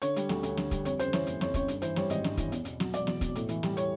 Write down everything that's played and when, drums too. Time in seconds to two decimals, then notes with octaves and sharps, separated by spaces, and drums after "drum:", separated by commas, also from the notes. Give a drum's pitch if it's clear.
0.02 D3 C#5, drum: hi-hat
0.16 G3, drum: hi-hat
0.29 D2, drum: snare
0.43 D2, drum: hi-hat
0.57 D3, drum: snare
0.71 G3, drum: kick, hi-hat
0.85 F2 C#5, drum: hi-hat
0.99 C#3 C5, drum: hi-hat
1.13 E3 C#5, drum: snare
1.27 F#1, drum: hi-hat
1.41 F2 C#5, drum: snare
1.54 C#3 C#5, drum: kick, hi-hat
1.68 G2, drum: hi-hat
1.82 E3 C5, drum: hi-hat
1.96 G3 C#5, drum: snare
2.10 G#1 D#5, drum: hi-hat
2.24 G2, drum: snare
2.37 E3, drum: kick, hi-hat
2.52 E2, drum: hi-hat
2.65 B2, drum: hi-hat
2.80 F#3, drum: snare
2.93 E1 D5, drum: hi-hat
3.07 E2, drum: snare
3.21 B2, drum: kick, hi-hat
3.35 A2, drum: hi-hat
3.49 E3, drum: hi-hat
3.63 G3, drum: snare
3.77 C#5, drum: hi-hat